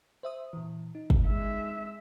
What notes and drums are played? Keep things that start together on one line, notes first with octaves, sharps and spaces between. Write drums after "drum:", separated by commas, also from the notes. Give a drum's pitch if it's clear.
C5 E5 D#6
A#2 E3
D#4
drum: kick
G#3 E5